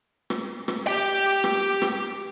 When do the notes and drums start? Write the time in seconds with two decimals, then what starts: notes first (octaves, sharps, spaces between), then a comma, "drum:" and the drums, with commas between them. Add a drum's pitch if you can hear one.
0.30 drum: rim click
0.68 drum: rim click
0.87 G4 G5
1.44 drum: rim click
1.82 drum: rim click